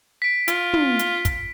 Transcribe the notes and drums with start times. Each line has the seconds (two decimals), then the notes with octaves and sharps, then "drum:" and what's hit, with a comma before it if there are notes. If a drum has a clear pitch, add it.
0.22 B6 D7
0.48 F4, drum: hi-hat
0.73 drum: tom
0.99 drum: hi-hat
1.25 drum: kick, hi-hat